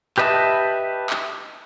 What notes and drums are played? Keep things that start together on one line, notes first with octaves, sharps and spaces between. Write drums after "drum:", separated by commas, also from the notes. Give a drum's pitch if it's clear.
G4 B4 D#5 E5 A5, drum: clap
drum: clap